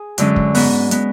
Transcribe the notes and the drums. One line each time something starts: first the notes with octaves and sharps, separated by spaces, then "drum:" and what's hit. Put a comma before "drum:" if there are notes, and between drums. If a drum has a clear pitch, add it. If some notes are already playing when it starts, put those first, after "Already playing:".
Already playing: G#4
F#2 D3 G#3 C#4, drum: hi-hat
drum: kick
G#2 G#3 B3, drum: open hi-hat
G#3 B3, drum: hi-hat